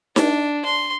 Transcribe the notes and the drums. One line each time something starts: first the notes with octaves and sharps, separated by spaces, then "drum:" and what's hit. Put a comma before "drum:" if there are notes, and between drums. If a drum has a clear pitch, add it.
D4, drum: snare D#4
C6